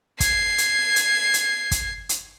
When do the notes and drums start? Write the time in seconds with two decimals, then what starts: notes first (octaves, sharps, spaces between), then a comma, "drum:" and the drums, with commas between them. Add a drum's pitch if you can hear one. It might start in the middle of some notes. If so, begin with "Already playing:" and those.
0.20 G#6 C7, drum: kick, hi-hat
0.58 drum: hi-hat
0.96 drum: hi-hat
1.34 drum: hi-hat
1.71 drum: kick, hi-hat
2.09 drum: hi-hat